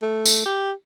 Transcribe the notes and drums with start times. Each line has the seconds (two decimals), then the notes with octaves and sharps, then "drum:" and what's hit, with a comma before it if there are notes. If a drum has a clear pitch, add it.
0.02 A3
0.26 drum: tambourine
0.46 G4